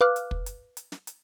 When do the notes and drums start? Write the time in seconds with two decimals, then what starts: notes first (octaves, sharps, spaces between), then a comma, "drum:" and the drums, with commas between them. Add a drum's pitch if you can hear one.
0.01 B4 F5 D6 F6 F#6
0.16 drum: hi-hat
0.31 drum: kick
0.46 drum: hi-hat
0.77 drum: hi-hat
0.92 drum: snare
1.07 drum: hi-hat